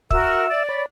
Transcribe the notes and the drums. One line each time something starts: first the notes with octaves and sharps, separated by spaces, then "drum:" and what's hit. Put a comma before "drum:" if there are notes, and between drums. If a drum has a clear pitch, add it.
F#4 A#4 E5 E6, drum: kick
D5
C#5 B5